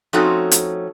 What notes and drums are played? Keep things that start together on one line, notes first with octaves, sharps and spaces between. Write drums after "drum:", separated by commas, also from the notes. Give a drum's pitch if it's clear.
F3 A3 C4 C#4 D#4 F#4
drum: hi-hat